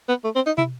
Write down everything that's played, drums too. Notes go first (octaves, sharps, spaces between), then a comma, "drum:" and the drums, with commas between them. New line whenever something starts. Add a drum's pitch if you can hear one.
B3
A3
C4
D#4
E4, drum: tom